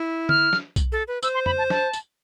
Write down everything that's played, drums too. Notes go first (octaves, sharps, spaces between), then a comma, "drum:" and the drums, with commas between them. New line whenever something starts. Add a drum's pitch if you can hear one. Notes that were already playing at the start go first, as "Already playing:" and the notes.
Already playing: E4
F6, drum: tom D3
drum: snare
drum: kick B1, tambourine
A4
B4
C5 E6, drum: tambourine
C6
B5, drum: tom F2
A5
A5, drum: snare
drum: tambourine